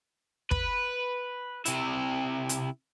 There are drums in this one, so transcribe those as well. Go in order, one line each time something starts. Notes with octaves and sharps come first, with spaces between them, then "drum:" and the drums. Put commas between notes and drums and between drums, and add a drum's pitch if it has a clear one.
B4, drum: kick
C3 E4, drum: hi-hat
drum: hi-hat